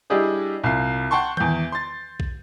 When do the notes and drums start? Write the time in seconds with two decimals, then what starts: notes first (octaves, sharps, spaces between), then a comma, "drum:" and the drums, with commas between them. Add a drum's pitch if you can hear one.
0.10 G3 D4 E4 G4 G#4 D#5
0.64 C2 F4 C7
1.11 F#5 G5 A5 C6 C#6
1.37 E2 G6, drum: tom D#3
1.72 C6 A6
2.20 drum: kick A#1